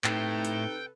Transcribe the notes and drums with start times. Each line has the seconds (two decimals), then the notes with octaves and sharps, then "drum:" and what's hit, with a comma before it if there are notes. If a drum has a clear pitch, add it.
0.04 A2 C3 D#4 A4 B4 G5, drum: clap
0.45 drum: hi-hat